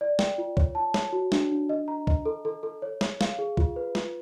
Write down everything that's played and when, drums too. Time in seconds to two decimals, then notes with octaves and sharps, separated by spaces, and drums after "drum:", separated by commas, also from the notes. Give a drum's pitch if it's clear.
0.01 D5
0.19 G5, drum: snare
0.38 F4
0.57 C#5, drum: kick B1
0.75 A5
0.94 C#5, drum: snare
1.13 F#4
1.32 D4, drum: snare
1.51 D4
1.69 D#5
1.88 A#5
2.07 D#5, drum: kick B1
2.26 A4
2.45 A4
2.63 A4
2.82 C#5
3.01 C#5, drum: snare
3.21 F5, drum: snare
3.39 G#4
3.57 F4, drum: kick B1
3.76 B4
3.95 F4, drum: snare